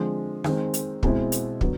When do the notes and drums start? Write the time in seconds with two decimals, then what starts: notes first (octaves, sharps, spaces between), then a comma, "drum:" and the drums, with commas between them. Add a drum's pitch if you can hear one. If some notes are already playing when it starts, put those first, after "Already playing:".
Already playing: D3 F3 G#3 C4
0.44 D#3 G#3 C4, drum: rim click
0.74 drum: hi-hat
1.03 B2 G#3 C4 E4, drum: kick
1.32 drum: hi-hat
1.61 D3 F#3 B3, drum: kick